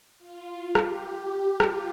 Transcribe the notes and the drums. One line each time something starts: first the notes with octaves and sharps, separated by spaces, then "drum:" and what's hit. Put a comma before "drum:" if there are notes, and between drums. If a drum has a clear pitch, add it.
F4
G4, drum: rim click
F4, drum: rim click